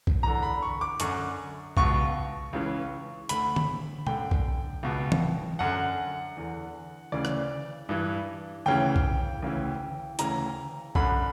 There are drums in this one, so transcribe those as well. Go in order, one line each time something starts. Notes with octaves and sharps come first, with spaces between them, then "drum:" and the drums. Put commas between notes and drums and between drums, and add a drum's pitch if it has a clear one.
drum: kick
E2 D3 A#5
B5
C#6
D6
F#2 D3 C#6, drum: hi-hat
C#2 B2 C#6, drum: kick
C#2 C#3 E3
D2 D3 B5, drum: hi-hat
drum: tom D3
F#2 D3 G5, drum: tom B2
drum: kick
C#2 B2
drum: tom E3
F#2 D3 F#5
E2 D3
D2 C#3 E3 D5
drum: rim click
G2 E3
D2 C#3 E3 G5
drum: kick
D2 C#3 E3
D2 C#3 E3 A#5, drum: hi-hat
F#2 D3 B5, drum: kick